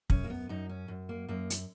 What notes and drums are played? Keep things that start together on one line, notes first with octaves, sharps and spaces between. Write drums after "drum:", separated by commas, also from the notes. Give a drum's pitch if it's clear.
F#2 C#4, drum: kick
A#3
B3
F#2 D#4
C#4
F#2
A#3
F#2 A#3
drum: hi-hat